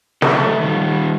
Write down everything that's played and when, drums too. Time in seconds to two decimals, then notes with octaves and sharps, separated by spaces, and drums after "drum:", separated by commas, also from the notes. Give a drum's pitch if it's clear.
0.22 F#3 A3 A4, drum: snare
0.61 D#3 G3